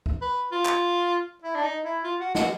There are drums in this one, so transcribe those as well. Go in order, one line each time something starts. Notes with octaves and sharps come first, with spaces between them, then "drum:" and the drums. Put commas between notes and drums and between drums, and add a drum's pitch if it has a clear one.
drum: kick
B4
F4
drum: clap
E4
D4
D#4
E4
F4
F#4
F#4, drum: snare